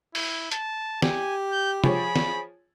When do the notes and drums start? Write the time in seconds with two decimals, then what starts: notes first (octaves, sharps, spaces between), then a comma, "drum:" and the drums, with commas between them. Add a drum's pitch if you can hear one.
0.15 E4, drum: open hi-hat
0.51 A5, drum: hi-hat
1.02 G4 G#5, drum: snare
1.51 G6
1.84 F3 G#4 C#5 B5, drum: tom
2.16 drum: snare